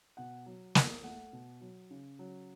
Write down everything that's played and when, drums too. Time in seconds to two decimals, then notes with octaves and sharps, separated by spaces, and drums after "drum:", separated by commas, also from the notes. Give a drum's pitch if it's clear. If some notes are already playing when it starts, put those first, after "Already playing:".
0.17 B2 F#5
0.46 F#3
0.75 E2, drum: snare
1.04 A3 F#5
1.33 B2
1.61 F#3
1.91 C#3
2.19 F#3